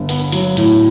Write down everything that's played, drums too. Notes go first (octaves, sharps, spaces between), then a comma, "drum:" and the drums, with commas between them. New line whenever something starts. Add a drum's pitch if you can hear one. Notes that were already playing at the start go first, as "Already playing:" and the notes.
Already playing: G1
B3, drum: hi-hat
F#3, drum: hi-hat
A2, drum: hi-hat